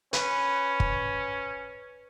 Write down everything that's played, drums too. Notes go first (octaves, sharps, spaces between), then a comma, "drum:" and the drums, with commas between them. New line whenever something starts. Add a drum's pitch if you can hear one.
C#4 B4, drum: hi-hat
drum: kick